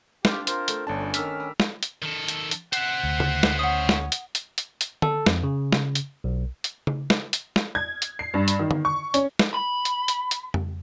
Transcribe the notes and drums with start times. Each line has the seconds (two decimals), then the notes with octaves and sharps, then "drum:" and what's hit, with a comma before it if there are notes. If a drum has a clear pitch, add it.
0.25 C4 D4 F4 G4 G5, drum: snare
0.47 C4 F4 A#4 C5, drum: hi-hat
0.68 A3, drum: hi-hat
0.87 G1 C#4 D4 A5
1.14 D#3 D4 E6 F6 B6, drum: hi-hat
1.40 G3
1.60 drum: snare
1.83 drum: hi-hat
2.02 D#3 A4
2.28 drum: hi-hat
2.51 drum: hi-hat
2.73 C5 E5 F#5, drum: hi-hat
3.03 D2
3.20 drum: tom C#3
3.43 drum: snare
3.59 C#4 F#5 D#6
3.89 drum: snare
4.12 drum: hi-hat
4.35 drum: hi-hat
4.58 drum: hi-hat
4.81 drum: hi-hat
5.02 A4, drum: tom D3
5.26 F2, drum: snare
5.43 C#3
5.72 drum: snare
5.95 drum: hi-hat
6.24 B1
6.64 drum: hi-hat
6.87 drum: tom C#3
7.10 drum: snare
7.33 drum: hi-hat
7.56 drum: snare
7.75 G#6
8.02 drum: hi-hat
8.19 C7
8.34 G2
8.48 drum: hi-hat
8.59 D#3
8.71 drum: tom D3
8.85 C#6
9.14 C#4, drum: hi-hat
9.39 drum: snare
9.54 B5
9.85 drum: hi-hat
10.08 drum: hi-hat
10.31 drum: hi-hat
10.54 drum: tom F2